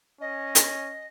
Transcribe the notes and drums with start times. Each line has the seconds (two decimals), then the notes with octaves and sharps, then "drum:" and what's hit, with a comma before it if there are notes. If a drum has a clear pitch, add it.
0.21 C#4 D#5
0.55 drum: hi-hat